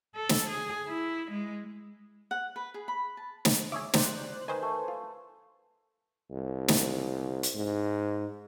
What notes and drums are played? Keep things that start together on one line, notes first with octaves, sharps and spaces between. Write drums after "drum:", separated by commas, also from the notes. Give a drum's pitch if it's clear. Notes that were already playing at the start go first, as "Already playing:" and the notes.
A4
drum: snare
G#4
E4
G#3
F#5
B4
G#4
B5
A5
drum: snare
G#4 C#5 E5 D6
C3 C5 D5 G5 F#6, drum: snare
D#3 B4 C5 G#5
A3
F4
C2
drum: snare
drum: hi-hat
G#2